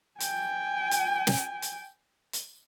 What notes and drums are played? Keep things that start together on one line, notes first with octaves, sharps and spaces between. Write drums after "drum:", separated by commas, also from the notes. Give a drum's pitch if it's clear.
G5 G#5, drum: hi-hat
drum: hi-hat
drum: snare
drum: hi-hat
drum: hi-hat